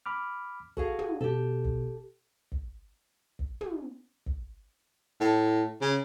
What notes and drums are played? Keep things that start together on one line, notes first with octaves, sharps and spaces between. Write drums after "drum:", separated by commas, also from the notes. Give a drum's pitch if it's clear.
B5 D6 F6
F#4 G#4 A4 F5, drum: kick
drum: tom
B2 G4 A4
drum: kick
drum: kick
drum: kick
drum: tom
drum: kick
A2
C#3